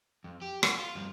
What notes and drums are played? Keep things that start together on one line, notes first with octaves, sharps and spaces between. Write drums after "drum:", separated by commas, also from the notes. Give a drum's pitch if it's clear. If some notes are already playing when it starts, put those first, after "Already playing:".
F2
G4
F#4, drum: rim click
F4
G2 F3